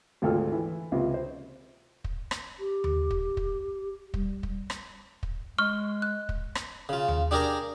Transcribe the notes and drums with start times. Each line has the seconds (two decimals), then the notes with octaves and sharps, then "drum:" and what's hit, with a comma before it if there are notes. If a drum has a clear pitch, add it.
0.22 G#1 D2 F4 A4 F6
0.52 E3
0.92 C#2 C3 F4
1.14 C5
2.04 drum: kick
2.31 drum: rim click
2.60 G4
2.84 drum: tom D#2
3.11 drum: kick
3.37 drum: kick
4.14 G3, drum: kick
4.43 drum: kick
4.70 drum: rim click
5.23 drum: kick
5.58 G#3 C#6 F6
6.02 F#6
6.29 drum: kick
6.55 drum: rim click
6.89 C#3 F4
7.08 drum: tom D#2
7.31 D4 G4 G#4 A#4 D5 A#5